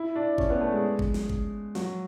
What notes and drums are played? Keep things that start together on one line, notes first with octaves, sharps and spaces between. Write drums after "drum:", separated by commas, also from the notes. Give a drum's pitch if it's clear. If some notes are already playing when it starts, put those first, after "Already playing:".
Already playing: E4
D4
C#4, drum: kick G1
B3
A3
G#3
drum: kick G1
drum: snare
drum: kick G1
F#3, drum: snare